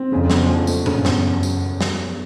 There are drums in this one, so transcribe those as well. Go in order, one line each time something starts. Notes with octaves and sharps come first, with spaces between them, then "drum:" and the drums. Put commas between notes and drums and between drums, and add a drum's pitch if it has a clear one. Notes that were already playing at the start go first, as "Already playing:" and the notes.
Already playing: C4
F2 C#3
E2, drum: snare
F3
A3, drum: tambourine
F#2 C#3, drum: tom A2
E2, drum: snare
drum: tambourine
drum: snare